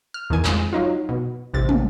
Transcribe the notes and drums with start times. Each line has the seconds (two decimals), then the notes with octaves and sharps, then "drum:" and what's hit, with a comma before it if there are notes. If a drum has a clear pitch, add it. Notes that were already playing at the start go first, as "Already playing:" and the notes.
0.14 F6
0.30 E2 D#3 G#5
0.45 F2 G#3, drum: clap
0.73 F#3 D#4 F4
1.09 B2
1.54 A1 C3 A6
1.69 drum: tom